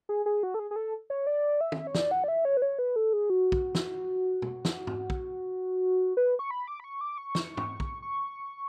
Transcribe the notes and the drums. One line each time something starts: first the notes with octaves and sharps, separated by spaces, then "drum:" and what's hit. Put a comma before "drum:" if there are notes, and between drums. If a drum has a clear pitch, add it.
G#4
G#4
F#4
A4
G#4
G#4
A4
C#5
D5
E5
drum: tom
C#5
D5, drum: snare
F#5
D5
E5
C#5
B4
C#5
B4
A4
G#4
F#4
drum: kick
drum: snare
drum: tom
drum: snare
drum: tom
drum: kick
B4
C#6
B5
D6
B5
C#6
D6
C#6
drum: snare
drum: tom
drum: kick
C#6